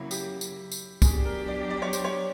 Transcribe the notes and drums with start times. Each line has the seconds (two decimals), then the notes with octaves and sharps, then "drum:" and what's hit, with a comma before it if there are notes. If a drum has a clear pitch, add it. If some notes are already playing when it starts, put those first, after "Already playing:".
Already playing: C#3 F#3 A#3 E4
0.11 G4, drum: tambourine
0.41 drum: tambourine
0.72 drum: tambourine
1.02 F#3 B3 D4 G4 G#4, drum: kick, tambourine
1.25 A#4
1.48 D5
1.70 D5
1.82 C#5
1.93 C5, drum: tambourine
2.04 C#5